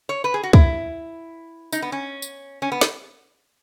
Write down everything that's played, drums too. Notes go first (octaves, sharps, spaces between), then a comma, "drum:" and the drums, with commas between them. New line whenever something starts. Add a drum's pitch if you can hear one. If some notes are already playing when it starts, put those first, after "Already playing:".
C#5
B4
G#4
F#4
E4, drum: kick
D#4, drum: tambourine
B3
C#4
drum: tambourine
C#4
B3
D#4, drum: snare